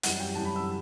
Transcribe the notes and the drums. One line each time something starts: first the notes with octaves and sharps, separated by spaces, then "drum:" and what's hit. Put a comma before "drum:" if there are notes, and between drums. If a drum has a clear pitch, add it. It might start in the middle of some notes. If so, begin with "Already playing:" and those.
F#2 E3 G3 F#5, drum: hi-hat
G5
F#2 E3 G3 A5
B5
E6